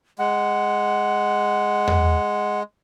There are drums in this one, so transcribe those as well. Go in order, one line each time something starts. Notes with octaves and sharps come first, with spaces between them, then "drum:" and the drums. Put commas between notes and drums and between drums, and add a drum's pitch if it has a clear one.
G#3 F#5
drum: tom E2